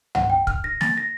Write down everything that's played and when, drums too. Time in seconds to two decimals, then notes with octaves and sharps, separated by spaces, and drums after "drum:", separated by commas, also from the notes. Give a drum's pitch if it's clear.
0.15 F#5, drum: tom
0.30 G5
0.47 F6, drum: kick
0.64 A#6
0.81 A6, drum: snare
0.98 A#6